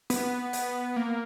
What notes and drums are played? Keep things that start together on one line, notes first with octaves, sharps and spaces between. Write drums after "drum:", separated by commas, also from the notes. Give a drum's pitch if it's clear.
B3, drum: hi-hat
drum: hi-hat
A#3